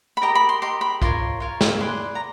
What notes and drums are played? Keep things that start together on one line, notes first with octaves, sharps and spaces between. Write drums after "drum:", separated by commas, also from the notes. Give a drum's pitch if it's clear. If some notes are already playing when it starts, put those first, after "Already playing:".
B5
G4 A#4 D#5 A#5
B5
C6
G4 A#4 D#5 C6
B5
F4 A#4 C#5 C6, drum: kick
F4 A#4 C#5
drum: snare
G#4 B4 D5 C6
A#5